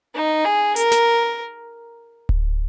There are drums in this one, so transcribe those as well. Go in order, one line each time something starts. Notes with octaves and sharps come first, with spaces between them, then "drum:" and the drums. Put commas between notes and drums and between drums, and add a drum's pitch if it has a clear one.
D#4
G#4
A#4, drum: hi-hat
drum: snare
drum: kick D1